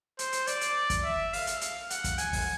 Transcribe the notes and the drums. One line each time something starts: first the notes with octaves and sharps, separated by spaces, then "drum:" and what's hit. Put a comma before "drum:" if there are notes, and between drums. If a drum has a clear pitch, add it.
C5, drum: hi-hat
drum: hi-hat
D5, drum: hi-hat
drum: hi-hat
drum: kick, hi-hat
E5
F5, drum: open hi-hat
drum: hi-hat
drum: hi-hat
F#5, drum: hi-hat
drum: kick, hi-hat
G#5, drum: hi-hat
drum: kick, open hi-hat